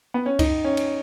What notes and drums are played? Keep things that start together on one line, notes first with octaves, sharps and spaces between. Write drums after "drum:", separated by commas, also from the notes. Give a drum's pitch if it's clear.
B3
C#4
D#4, drum: kick C#2, cymbal
C#4
drum: cymbal